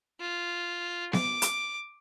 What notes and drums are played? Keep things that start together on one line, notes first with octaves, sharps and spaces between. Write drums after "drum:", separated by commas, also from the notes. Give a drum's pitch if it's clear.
F4
D6, drum: snare B3
drum: hi-hat